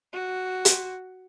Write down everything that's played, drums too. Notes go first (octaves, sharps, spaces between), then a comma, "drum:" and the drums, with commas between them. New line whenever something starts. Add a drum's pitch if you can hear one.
F#4
drum: hi-hat